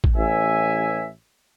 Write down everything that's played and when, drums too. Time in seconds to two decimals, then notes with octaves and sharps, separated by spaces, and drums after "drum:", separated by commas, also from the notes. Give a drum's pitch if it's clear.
0.04 drum: kick A1
0.17 A1 E5 G#5